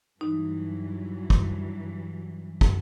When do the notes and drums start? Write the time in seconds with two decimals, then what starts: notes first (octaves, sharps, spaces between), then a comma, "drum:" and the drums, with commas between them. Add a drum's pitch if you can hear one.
0.21 G2 E3 F#3 D#4
1.30 drum: kick
2.61 drum: kick